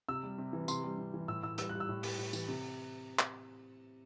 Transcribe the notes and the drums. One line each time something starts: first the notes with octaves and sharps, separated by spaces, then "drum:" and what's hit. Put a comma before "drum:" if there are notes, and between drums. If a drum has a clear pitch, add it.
C3 E6
G3
C3
E3
C3 C6, drum: tambourine
G3
C3
E3
A2 E6
A2 E6
G3 E6, drum: hi-hat
G3 F#6
E6
A2
G3, drum: open hi-hat
A2
E3, drum: tambourine
C3
drum: clap